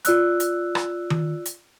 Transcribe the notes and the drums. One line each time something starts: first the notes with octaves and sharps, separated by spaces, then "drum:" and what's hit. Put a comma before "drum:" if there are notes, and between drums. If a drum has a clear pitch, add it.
F4 D5 E6 F#6, drum: hi-hat
drum: hi-hat
drum: rim click
drum: tom D#3
drum: hi-hat